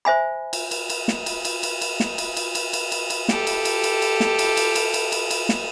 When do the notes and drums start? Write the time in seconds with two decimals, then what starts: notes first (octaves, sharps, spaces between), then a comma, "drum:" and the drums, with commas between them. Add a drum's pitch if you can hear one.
0.05 C5 E5 G#5 B5
0.53 drum: cymbal
0.71 drum: cymbal
0.90 drum: cymbal
1.08 drum: snare
1.26 drum: cymbal
1.45 drum: cymbal
1.63 drum: cymbal
1.81 drum: cymbal
2.00 drum: snare
2.18 drum: cymbal
2.37 drum: cymbal
2.55 drum: cymbal
2.73 drum: cymbal
2.92 drum: cymbal
3.10 drum: cymbal
3.28 G4 A4, drum: snare
3.47 drum: cymbal
3.65 drum: cymbal
3.84 drum: cymbal
4.02 drum: cymbal
4.20 drum: snare
4.39 drum: cymbal
4.57 drum: cymbal
4.75 drum: cymbal
4.94 drum: cymbal
5.12 drum: cymbal
5.31 drum: cymbal
5.49 drum: snare